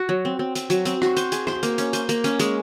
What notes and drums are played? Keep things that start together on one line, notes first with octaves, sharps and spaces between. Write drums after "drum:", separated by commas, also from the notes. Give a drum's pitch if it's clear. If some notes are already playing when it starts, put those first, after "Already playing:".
Already playing: F#4
F#3
C4
C4
C4, drum: hi-hat
F#3, drum: hi-hat
C4, drum: hi-hat
F#4, drum: rim click
C5, drum: hi-hat
G#4, drum: hi-hat
C5, drum: rim click
A#3, drum: hi-hat
C#4, drum: hi-hat
C5, drum: hi-hat
A#3, drum: hi-hat
C#4, drum: hi-hat
G#3, drum: hi-hat